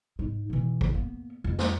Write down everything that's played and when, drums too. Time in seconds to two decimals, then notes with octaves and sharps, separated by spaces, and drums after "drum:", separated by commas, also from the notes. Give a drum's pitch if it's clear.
0.19 G#2 D#4
0.50 B2 E3
0.81 drum: kick
0.94 A#3 B3
1.44 F2
1.59 drum: snare